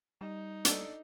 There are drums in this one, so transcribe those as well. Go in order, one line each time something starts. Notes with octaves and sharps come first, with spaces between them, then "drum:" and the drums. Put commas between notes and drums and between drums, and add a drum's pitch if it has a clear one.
G3 D#4
D4 A4, drum: hi-hat